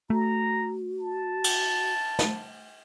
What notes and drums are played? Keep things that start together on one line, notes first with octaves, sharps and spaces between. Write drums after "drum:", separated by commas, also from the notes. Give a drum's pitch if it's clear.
A3 F#4 A#5
A5
drum: cymbal
drum: snare